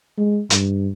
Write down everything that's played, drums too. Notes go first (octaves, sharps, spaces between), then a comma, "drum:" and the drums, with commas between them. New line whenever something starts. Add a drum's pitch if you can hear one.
G#3
G2, drum: hi-hat